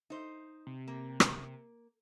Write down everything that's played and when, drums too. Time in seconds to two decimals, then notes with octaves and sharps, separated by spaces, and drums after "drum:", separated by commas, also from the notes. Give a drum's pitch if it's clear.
0.10 D#4 C5
0.66 C3
0.88 A#3
1.20 drum: rim click